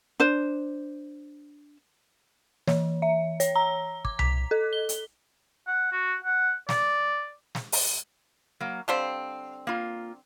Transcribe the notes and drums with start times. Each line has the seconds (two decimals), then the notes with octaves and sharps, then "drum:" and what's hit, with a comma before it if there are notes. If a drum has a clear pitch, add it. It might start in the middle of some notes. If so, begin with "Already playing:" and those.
0.20 D4 C5
2.68 E3, drum: snare
3.02 E5
3.40 C#5, drum: hi-hat
3.56 A#5
4.05 D6, drum: kick
4.19 B6, drum: tom C2
4.51 A4
4.73 G7
4.89 drum: hi-hat
5.67 F#5
5.92 F#4
6.25 F#5
6.69 D5, drum: snare
7.55 drum: snare
7.72 drum: open hi-hat
8.60 F#3 A#3
8.88 D3 G3 C4 F5
9.67 A#3 F4